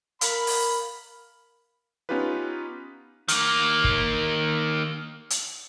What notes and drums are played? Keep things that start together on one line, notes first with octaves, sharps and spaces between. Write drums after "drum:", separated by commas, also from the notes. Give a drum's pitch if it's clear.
A#4 F5 B5, drum: hi-hat
drum: open hi-hat
B3 C#4 D#4 F4 G4 B4
D#3 A#3, drum: hi-hat
drum: kick
drum: hi-hat